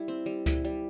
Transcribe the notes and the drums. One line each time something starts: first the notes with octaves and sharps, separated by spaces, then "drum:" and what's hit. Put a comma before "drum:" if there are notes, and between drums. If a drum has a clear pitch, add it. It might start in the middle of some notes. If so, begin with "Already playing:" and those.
Already playing: G3 E4
C4
G3
E4, drum: kick C#2, hi-hat
G3